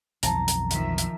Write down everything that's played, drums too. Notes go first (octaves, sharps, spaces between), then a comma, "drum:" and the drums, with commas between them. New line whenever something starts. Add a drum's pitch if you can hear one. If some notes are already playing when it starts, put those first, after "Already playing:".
B1 F2 E3 A5 A#5, drum: hi-hat
drum: hi-hat
D#3 F3 E5, drum: hi-hat
drum: hi-hat